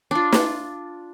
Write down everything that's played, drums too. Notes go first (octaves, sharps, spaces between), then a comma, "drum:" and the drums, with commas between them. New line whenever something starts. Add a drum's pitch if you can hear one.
D4 F4
drum: snare